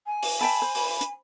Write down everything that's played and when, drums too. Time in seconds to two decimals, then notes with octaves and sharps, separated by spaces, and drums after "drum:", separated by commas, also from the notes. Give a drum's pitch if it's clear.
0.07 G#5
0.23 drum: open hi-hat
0.41 E5 G5 A5 B5
0.62 C5
0.75 drum: open hi-hat
1.01 drum: hi-hat